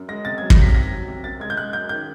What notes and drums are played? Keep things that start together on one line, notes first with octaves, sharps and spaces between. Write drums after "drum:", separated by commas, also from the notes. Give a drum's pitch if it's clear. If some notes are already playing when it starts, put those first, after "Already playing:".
Already playing: F#2
G#3 A#6
C3 A6
G#6
F#3
A#6, drum: kick
C3 B6
D#3 A#6
F#3
C3
F#2 A6
G#3 G#6
G6
G#3 F#6
F#2 G6
D#3 G6